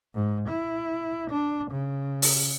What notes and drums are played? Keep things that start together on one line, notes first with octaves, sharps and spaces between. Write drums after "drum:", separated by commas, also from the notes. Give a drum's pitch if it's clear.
G#2
E4
D4
C#3
drum: open hi-hat